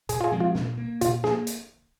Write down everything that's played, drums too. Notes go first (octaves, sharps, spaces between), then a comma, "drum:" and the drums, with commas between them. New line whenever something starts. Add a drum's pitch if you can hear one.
A#2 G#4, drum: hi-hat
F4
G#4
F3 G#3 C4
F4
A#2, drum: snare
A#3
A#2 F4, drum: hi-hat
A#3 G#4, drum: snare
drum: hi-hat